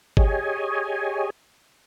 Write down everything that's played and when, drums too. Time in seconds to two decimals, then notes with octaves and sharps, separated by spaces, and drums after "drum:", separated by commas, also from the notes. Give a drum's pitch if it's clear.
0.17 G4 G#4 C#5 D#5 G#5, drum: kick G1